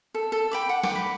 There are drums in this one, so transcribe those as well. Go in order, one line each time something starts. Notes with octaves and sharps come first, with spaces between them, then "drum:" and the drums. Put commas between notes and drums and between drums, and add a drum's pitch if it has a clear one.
A4
A4
G5 B5 D6
F#5
B4 G5 D6, drum: snare
B5